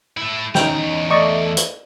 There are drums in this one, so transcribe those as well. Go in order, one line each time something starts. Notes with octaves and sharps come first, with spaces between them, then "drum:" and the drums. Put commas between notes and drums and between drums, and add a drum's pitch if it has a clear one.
A3 E4
E2 C#4 D#4 G5 A#5, drum: snare
A3 D5 D#5 C#6
drum: hi-hat